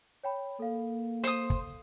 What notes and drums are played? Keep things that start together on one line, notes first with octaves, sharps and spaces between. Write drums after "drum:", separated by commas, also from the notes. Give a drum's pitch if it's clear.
C#5 G5 B5
A#3 A4 F5
C5 D#6, drum: hi-hat
drum: kick